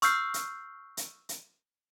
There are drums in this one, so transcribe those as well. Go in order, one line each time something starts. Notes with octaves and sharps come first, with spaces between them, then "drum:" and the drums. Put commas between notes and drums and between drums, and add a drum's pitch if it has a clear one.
C#6 E6 F6 G6 C7, drum: hi-hat
drum: hi-hat
drum: hi-hat
drum: hi-hat